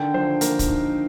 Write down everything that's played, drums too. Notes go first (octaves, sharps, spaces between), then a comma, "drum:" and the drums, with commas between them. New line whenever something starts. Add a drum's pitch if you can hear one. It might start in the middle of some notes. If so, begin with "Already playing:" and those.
Already playing: D3 D#3 G5
F3 C5
A#3 A#4, drum: hi-hat
drum: kick, hi-hat
D#4